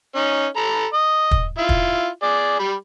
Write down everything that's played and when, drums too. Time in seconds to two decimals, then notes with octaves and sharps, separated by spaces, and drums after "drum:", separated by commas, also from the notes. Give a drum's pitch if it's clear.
0.16 C#4 D#4
0.56 A4 A#5 B5
0.93 D#5
1.31 drum: kick
1.58 E4 F4
1.69 drum: kick
2.22 G#4 D5
2.59 G3 B5